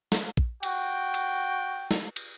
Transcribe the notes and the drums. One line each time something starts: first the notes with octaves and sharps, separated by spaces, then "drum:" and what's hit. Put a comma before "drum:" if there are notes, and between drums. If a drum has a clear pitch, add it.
drum: snare
drum: kick
F#4 G5, drum: cymbal
drum: cymbal
drum: snare
drum: cymbal